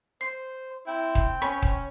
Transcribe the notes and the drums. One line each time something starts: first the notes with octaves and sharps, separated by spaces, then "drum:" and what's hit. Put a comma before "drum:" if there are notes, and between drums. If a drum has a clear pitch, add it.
C5 C7
C4 E4 G5
drum: kick D#1
C#4 B5 C#6 B6
drum: kick D#1